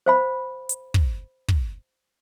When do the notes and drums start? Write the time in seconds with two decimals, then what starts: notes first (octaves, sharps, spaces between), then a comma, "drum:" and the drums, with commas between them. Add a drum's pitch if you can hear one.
0.06 C5 F5 B5
0.69 drum: hi-hat
0.94 drum: kick
1.48 drum: kick